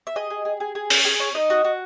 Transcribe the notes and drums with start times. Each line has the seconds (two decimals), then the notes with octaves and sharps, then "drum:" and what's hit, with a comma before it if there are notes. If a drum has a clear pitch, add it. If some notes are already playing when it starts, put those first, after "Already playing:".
0.07 E5
0.16 G#4 D#5
0.30 G#4
0.45 G#4
0.60 G#4
0.75 G#4
0.90 C#4, drum: open hi-hat
1.05 G#4
1.20 C#4
1.35 D#4 D#5
1.50 F#4
1.65 F#4